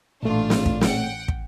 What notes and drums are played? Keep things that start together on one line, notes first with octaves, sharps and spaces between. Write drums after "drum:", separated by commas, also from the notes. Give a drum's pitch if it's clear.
A1 A#2 A3 D4 F4
drum: snare
drum: kick
F#5 G5, drum: snare
drum: kick